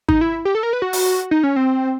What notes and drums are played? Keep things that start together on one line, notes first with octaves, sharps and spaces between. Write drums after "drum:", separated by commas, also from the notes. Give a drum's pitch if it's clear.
D#4, drum: kick G#1
E4
G4
A4
A#4
B4
F#4
drum: open hi-hat
D#4
C#4
C4